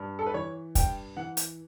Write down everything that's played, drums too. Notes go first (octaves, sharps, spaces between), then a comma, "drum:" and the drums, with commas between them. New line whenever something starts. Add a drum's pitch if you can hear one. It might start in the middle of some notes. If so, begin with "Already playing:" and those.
Already playing: G2
A4
B4
E3 C#5
G2 G5, drum: kick, hi-hat
E3 F#5
drum: hi-hat